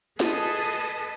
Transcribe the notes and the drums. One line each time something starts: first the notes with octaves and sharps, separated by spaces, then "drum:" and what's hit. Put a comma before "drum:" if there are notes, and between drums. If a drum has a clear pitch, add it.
G#4 A4 B4 D#5 A5 D#6, drum: snare
drum: hi-hat